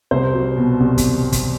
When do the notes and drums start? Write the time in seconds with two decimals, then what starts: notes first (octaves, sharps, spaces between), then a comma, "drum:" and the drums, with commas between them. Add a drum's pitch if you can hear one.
0.11 C2 C5
0.34 F#3
0.57 B2
0.80 C2
0.98 drum: kick, hi-hat
1.32 drum: kick, hi-hat